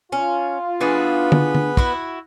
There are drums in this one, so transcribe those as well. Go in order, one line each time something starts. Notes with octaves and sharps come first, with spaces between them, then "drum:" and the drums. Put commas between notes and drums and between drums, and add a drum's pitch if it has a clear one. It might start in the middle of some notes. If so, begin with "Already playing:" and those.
C#4 F4
E3 B3 D4 G#4 A4 B4
drum: tom
drum: tom
E4 F#4, drum: kick